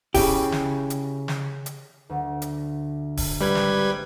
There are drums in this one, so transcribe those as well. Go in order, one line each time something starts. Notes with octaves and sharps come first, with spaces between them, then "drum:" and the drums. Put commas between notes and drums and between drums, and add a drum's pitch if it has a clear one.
C#3 E4 G4, drum: kick D1, open hi-hat
drum: snare
drum: hi-hat
drum: snare
drum: hi-hat
D2
drum: hi-hat
drum: kick D1, open hi-hat
G#1 G3 C4 B4 G#6
drum: snare